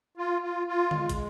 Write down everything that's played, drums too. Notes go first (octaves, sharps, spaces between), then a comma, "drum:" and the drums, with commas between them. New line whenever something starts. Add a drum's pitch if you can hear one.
F4
F4
F4
G#3, drum: tom D3
drum: kick, hi-hat